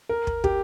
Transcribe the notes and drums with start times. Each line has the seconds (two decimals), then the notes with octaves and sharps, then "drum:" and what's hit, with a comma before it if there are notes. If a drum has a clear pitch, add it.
0.09 A#4
0.27 drum: kick
0.44 G4, drum: kick